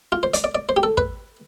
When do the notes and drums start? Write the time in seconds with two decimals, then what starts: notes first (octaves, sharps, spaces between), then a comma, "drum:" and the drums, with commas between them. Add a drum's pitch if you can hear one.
0.12 F4
0.23 C5
0.34 D5, drum: hi-hat
0.44 D5
0.55 D5
0.69 C5
0.77 G4
0.83 A4
0.97 B4, drum: kick